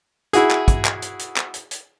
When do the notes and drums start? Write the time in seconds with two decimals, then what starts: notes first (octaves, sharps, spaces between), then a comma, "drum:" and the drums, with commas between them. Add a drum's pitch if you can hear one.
0.33 E4 F#4 G#4, drum: hi-hat
0.51 drum: clap
0.68 drum: kick, hi-hat
0.85 drum: clap
1.02 drum: hi-hat
1.19 drum: hi-hat
1.37 drum: clap
1.54 drum: hi-hat
1.71 drum: hi-hat